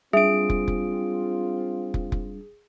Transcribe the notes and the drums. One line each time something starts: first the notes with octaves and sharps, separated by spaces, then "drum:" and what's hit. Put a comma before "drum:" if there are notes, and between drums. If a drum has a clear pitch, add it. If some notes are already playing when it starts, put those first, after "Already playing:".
G3 C4 D4 F4 G#4 E5 D7
drum: kick
drum: kick
drum: kick
drum: kick